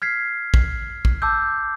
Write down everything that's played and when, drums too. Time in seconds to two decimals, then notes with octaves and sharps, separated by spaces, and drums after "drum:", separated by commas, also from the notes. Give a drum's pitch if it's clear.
0.02 F6 G#6 B6 C7
0.54 drum: kick
1.05 drum: kick
1.22 A5 D6 E6 G6